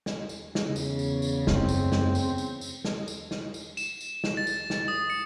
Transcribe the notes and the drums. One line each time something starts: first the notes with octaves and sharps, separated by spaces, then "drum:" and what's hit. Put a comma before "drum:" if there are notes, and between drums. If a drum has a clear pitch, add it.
drum: snare
drum: tambourine
E2 C#3, drum: snare
drum: tambourine
drum: tambourine
drum: tambourine
F#2 A3 C4, drum: snare
drum: tambourine
drum: snare
drum: tambourine
drum: tambourine
drum: tambourine
drum: snare
drum: tambourine
drum: snare
drum: tambourine
E7, drum: tambourine
drum: tambourine
drum: snare
A6
drum: tambourine
drum: snare
D#6
C#7